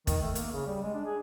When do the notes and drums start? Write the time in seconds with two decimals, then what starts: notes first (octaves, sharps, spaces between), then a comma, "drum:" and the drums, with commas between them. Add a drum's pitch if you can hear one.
0.07 D#3, drum: kick, hi-hat
0.22 A3
0.35 A#3, drum: hi-hat
0.52 C#3
0.66 G3
0.82 G#3
0.94 D4
1.05 G#4